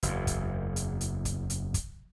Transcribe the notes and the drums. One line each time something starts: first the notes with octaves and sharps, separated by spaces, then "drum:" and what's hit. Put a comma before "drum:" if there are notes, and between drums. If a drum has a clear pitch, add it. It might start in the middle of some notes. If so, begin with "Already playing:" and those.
F#1 E2, drum: hi-hat
drum: kick, hi-hat
drum: hi-hat
drum: hi-hat
drum: kick, hi-hat
drum: hi-hat
drum: kick, hi-hat